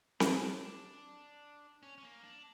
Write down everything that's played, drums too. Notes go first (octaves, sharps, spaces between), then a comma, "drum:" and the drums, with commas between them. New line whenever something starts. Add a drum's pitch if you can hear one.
D4, drum: snare C4
C#4
C#4
A#3
D4